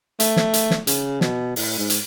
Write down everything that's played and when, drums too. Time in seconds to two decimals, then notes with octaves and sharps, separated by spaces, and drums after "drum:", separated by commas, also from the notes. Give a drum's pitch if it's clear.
0.20 A3, drum: hi-hat
0.36 drum: snare
0.54 drum: hi-hat
0.71 drum: snare
0.87 C#3, drum: hi-hat
1.21 B2, drum: snare
1.56 A2, drum: open hi-hat
1.78 G#2
1.90 drum: hi-hat